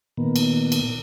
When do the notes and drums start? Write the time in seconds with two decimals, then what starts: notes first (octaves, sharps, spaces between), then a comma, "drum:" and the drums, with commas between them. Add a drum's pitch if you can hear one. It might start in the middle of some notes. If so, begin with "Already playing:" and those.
0.17 A#2 D#3 A#3 B3
0.36 drum: cymbal
0.72 drum: cymbal